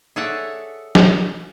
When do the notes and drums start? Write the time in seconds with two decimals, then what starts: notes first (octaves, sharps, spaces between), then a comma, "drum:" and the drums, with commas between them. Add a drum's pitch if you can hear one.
0.16 G#4 A4 C#5 D5 E5 F#5
0.95 drum: snare